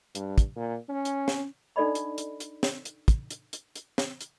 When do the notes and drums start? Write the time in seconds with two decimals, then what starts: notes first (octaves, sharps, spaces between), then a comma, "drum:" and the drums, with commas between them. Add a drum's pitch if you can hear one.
0.15 G2, drum: hi-hat
0.38 drum: kick, hi-hat
0.56 A#2
0.89 C#4
1.05 drum: hi-hat
1.28 drum: snare
1.76 D4 D#4 A4 D5 D#5 B5
1.95 drum: hi-hat
2.18 drum: hi-hat
2.40 drum: hi-hat
2.63 drum: snare
2.85 drum: hi-hat
3.08 drum: kick, hi-hat
3.30 drum: hi-hat
3.53 drum: hi-hat
3.75 drum: hi-hat
3.98 drum: snare
4.21 drum: hi-hat